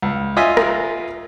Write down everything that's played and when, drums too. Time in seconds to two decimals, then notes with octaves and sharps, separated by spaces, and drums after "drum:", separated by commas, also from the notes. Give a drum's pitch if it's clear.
0.02 C#2
0.36 F4 D#5 E5 G#5 D#6
0.57 drum: rim click